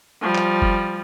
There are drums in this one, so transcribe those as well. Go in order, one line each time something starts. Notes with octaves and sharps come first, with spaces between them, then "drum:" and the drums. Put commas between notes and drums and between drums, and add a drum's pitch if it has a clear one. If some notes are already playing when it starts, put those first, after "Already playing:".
F3 G3
drum: clap
drum: kick F#1